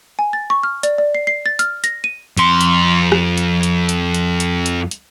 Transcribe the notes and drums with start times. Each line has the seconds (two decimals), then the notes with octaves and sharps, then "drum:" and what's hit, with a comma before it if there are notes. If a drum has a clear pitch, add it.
0.19 G#5
0.33 A6
0.50 C#6
0.63 F6
0.83 D5, drum: hi-hat
0.98 D5
1.15 C7
1.27 C7
1.46 A6
1.59 F6, drum: hi-hat
1.84 A#6, drum: hi-hat
2.04 D#7
2.37 F2 C6, drum: hi-hat
2.61 drum: hi-hat
3.12 drum: rim click
3.38 drum: hi-hat
3.63 drum: hi-hat
3.89 drum: hi-hat
4.14 drum: hi-hat
4.40 drum: hi-hat
4.66 drum: hi-hat
4.91 drum: hi-hat